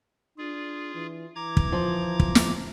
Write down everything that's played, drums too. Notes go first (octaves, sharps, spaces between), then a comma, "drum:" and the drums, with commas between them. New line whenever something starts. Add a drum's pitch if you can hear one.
D4 F4 G#4
E3
E3 A#5 D6 G#6
drum: kick
F3
drum: kick
drum: snare